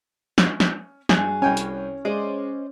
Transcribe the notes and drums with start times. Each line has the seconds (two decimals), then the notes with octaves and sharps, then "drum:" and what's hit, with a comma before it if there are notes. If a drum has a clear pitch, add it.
0.38 C#4, drum: snare
0.60 drum: snare
1.09 G2 F#4 G#4 F5, drum: snare
1.42 C2 C#4 G5 G#5
1.57 drum: hi-hat
2.05 G#3 C5 D5 D#5